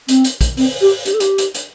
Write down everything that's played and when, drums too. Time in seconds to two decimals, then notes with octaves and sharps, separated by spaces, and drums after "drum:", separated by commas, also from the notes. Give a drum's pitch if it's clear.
0.08 C4, drum: hi-hat
0.24 drum: hi-hat
0.41 drum: kick, hi-hat
0.57 C4, drum: open hi-hat
0.81 G4
1.06 G4, drum: hi-hat
1.14 A4
1.20 G4, drum: hi-hat
1.38 drum: hi-hat
1.54 drum: hi-hat